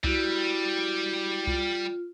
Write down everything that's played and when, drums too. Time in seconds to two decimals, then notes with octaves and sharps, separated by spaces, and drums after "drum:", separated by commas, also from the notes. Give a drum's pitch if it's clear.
0.04 G3 E4 F#4, drum: kick C2
1.47 F4, drum: kick C2